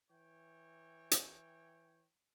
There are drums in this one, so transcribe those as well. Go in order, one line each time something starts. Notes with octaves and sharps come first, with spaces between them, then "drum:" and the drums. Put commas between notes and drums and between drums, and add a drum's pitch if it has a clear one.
E3 C#5 G5
drum: hi-hat